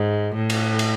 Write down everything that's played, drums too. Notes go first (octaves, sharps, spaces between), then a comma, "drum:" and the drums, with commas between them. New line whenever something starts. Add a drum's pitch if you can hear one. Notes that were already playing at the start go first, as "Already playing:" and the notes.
Already playing: G#2
A2
drum: cymbal
drum: cymbal